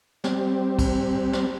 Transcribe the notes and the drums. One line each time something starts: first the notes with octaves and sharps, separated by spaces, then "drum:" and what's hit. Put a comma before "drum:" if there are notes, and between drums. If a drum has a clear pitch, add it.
G3 C4, drum: snare
drum: kick, cymbal
drum: snare